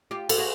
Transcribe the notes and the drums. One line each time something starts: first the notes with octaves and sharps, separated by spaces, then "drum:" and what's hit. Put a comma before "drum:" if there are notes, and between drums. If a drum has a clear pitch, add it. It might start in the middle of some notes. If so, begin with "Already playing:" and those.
F4 G4
A4, drum: cymbal
F#4 G#4